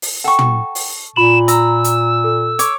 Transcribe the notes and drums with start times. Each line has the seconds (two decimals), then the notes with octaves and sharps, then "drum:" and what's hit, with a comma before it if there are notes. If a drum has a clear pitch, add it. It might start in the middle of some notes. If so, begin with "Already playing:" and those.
0.02 drum: open hi-hat
0.24 A4 F#5 G5 C#6
0.39 drum: tom
0.75 drum: open hi-hat
1.16 A#2 F4 B5 E7 F#7
1.48 A#5 E6, drum: hi-hat
1.84 drum: hi-hat
2.24 A4
2.59 C#5 D6, drum: hi-hat